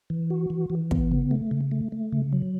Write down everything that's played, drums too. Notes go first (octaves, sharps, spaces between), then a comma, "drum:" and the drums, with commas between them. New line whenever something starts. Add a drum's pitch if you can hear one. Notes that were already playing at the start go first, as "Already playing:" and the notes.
E3
F#4
E3
E3
B3, drum: kick
C#3
A3
C#3
A3
A3
C#3
F#3